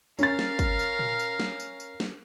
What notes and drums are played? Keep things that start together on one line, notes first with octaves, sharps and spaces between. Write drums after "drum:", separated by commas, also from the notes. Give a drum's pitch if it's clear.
C#4 A#4 F5 A6, drum: tambourine
drum: snare
drum: kick, tambourine
drum: tambourine
drum: tom A#2
drum: tambourine
drum: snare
drum: tambourine
drum: tambourine
drum: snare